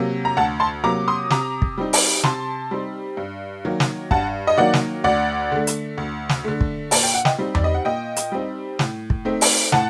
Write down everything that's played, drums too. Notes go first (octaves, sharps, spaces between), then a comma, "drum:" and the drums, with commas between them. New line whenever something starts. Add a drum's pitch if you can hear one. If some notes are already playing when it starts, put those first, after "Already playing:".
Already playing: C3 F#3 A#3
A#5
D2 F#5 A5
A5 C6
C3 F#3 A#3 A#5 D6
C6 D#6
C3 A#5 D6, drum: snare
drum: kick
G3 C4 D#4
drum: open hi-hat
C3 A5 C6, drum: snare
G3 C4 D#4
G2
D#3 F#3 A#3
drum: snare
G2 F#5 A5, drum: kick
D#5
D#3 F#3 A#3 D5 F#5
drum: snare
D2 D5 F#5
D3 A3
drum: hi-hat
D2
drum: snare
D3 A3
drum: kick
A#2 A5, drum: open hi-hat
G5
F#5
D#5 G5, drum: snare
G3 C4 D#4
D5, drum: tom E2
D#5
F#5
A#2 D#5 G5
drum: hi-hat
G3 C4 D#4
A2, drum: snare
drum: kick
A3 C4 D#4
drum: open hi-hat
A2 F#5 A5, drum: snare